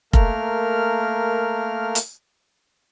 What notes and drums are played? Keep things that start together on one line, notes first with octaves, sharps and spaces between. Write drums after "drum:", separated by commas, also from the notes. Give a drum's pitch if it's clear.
A3 A#3 A#4 F6, drum: kick F1
drum: hi-hat